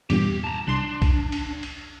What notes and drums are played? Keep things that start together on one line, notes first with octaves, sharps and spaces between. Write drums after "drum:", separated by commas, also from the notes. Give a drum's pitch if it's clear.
E2 G2 A#2 G4, drum: cymbal
A5 A#5
C2 D4 C6
drum: kick B1, cymbal
drum: cymbal
drum: cymbal